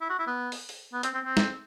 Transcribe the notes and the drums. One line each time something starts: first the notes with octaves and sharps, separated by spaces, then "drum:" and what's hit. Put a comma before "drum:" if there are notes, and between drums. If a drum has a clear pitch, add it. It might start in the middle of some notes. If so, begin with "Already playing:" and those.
E4
F#4
E4
B3
drum: open hi-hat
drum: open hi-hat
B3
C4, drum: hi-hat
C4
C4
drum: snare